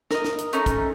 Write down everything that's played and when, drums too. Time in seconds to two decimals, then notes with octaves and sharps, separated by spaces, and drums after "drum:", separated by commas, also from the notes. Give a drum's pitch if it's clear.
0.11 A#4 D#5, drum: snare
0.24 drum: snare
0.38 drum: hi-hat
0.53 A3 C#4 D#4, drum: hi-hat
0.66 drum: kick, hi-hat